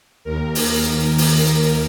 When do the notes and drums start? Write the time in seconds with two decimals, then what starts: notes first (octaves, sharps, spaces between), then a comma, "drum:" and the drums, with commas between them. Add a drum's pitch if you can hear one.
0.24 D#2 A#4
0.55 drum: open hi-hat
1.18 drum: open hi-hat